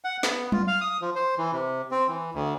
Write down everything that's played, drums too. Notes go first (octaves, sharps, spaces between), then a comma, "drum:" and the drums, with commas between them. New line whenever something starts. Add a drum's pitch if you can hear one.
F#5
B3, drum: snare
F4, drum: tom F#3
F5
D#6
F3
C5
E3
C3
C4
E3
D2